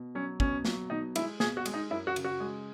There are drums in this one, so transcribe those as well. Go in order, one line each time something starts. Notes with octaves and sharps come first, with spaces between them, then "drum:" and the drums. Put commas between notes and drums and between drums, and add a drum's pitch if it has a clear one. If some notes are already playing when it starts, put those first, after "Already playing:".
Already playing: B2
F#3 C#4
B2 C#4, drum: kick
F#3, drum: snare
B2 D#4
G#3 E4, drum: cymbal
B2 G#4, drum: snare
F#4
G#3, drum: cymbal
D#4
F#2 E4
F#4
C#3, drum: cymbal
F#4
G#3